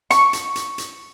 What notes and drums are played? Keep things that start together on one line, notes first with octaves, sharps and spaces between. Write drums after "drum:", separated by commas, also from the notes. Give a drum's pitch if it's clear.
C#6, drum: hi-hat
drum: hi-hat
drum: hi-hat
drum: hi-hat